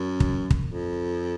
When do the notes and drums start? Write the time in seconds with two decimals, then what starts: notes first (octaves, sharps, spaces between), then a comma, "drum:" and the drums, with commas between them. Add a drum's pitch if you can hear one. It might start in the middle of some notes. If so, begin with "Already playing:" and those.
Already playing: F#2
0.20 drum: kick
0.50 drum: kick
0.65 F2